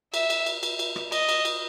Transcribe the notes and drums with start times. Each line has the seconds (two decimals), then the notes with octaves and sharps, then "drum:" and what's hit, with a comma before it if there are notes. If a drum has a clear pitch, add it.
0.14 E5, drum: cymbal
0.30 drum: cymbal
0.46 drum: cymbal
0.63 drum: cymbal
0.79 drum: cymbal
0.96 drum: rim click
1.12 D#5, drum: cymbal
1.29 drum: cymbal
1.45 drum: cymbal